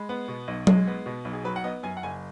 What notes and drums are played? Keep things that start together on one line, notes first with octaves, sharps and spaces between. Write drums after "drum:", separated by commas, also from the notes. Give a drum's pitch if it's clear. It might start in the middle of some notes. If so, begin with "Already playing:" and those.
Already playing: G#3 B5
B3
B2
B1
G#3, drum: tom F#3
B3
B2
B1
G#4
F#3 B4
F#5
B3 D#5
F#2 G#5
F#5
F#1 G#5